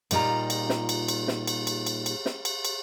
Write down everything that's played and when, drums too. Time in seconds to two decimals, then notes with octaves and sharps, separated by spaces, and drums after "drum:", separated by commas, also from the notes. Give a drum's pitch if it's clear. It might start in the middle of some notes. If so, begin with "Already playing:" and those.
0.11 A#2 G3 D#4 F4 A#5, drum: cymbal
0.50 drum: cymbal
0.69 drum: snare
0.89 drum: cymbal
1.08 drum: cymbal
1.28 drum: snare
1.47 drum: cymbal
1.67 drum: cymbal
1.87 drum: cymbal
2.06 drum: cymbal
2.26 drum: snare
2.45 drum: cymbal
2.65 drum: cymbal